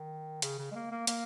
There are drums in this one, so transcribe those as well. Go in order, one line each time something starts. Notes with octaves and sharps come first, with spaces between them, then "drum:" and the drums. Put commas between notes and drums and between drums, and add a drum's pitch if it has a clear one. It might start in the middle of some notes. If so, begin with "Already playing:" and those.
Already playing: D#3
C#3, drum: hi-hat
C#3
G#3
A#3
A#3
A#3, drum: hi-hat